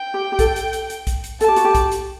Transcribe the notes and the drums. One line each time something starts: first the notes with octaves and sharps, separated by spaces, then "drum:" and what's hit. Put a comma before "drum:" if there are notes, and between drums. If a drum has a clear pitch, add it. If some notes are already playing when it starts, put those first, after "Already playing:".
Already playing: G5
G4
G4
A4, drum: kick, hi-hat
drum: hi-hat
drum: hi-hat
drum: hi-hat
drum: kick, hi-hat
drum: hi-hat
A4 A5, drum: hi-hat
G4
F#4, drum: hi-hat
G4
drum: kick, hi-hat
drum: hi-hat